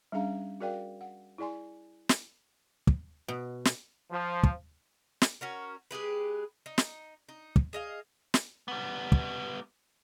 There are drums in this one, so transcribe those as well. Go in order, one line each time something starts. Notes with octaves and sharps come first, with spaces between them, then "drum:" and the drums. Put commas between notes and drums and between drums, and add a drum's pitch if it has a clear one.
G3 C#4 D4 G#4 F5 A#5
F#4 G#4 A#4 D5 F5 G5
F#5
E4 G#4 D5 G#5 C6
drum: snare
drum: kick
B2
drum: snare
F3
drum: kick
drum: snare
C#4 F#4 A#4
G#3 G4 G#4 B4
D#4
drum: snare
D#4
drum: kick
G#4 D#5 F5
drum: snare
G3 B3
drum: kick